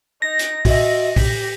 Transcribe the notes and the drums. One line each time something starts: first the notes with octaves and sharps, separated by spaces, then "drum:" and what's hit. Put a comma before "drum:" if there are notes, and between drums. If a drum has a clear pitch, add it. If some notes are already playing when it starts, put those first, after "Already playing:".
D#4 A#6
drum: hi-hat
F#4 D#5 E5, drum: kick, open hi-hat
G4 B6, drum: kick, open hi-hat